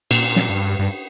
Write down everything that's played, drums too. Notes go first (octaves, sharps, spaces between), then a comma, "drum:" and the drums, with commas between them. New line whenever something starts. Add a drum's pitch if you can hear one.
A#2, drum: cymbal
drum: snare
G2
G2